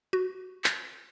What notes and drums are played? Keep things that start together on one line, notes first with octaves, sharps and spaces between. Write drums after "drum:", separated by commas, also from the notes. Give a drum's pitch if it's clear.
F#4
drum: clap